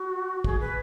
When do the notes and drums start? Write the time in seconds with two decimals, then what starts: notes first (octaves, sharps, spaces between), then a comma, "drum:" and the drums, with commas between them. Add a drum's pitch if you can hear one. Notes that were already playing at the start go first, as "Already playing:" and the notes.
Already playing: F#4
0.44 G#4, drum: kick
0.59 B4